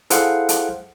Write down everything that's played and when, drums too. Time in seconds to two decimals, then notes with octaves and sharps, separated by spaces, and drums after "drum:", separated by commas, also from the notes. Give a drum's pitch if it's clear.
0.10 E4 G#4 A4 C5 F5 F#5, drum: hi-hat
0.49 drum: hi-hat